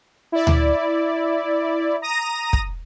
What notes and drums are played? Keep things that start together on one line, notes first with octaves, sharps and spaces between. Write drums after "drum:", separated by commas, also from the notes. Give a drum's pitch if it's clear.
E4 D5
drum: tom D2
A#5 D#6 A#6 D#7
drum: kick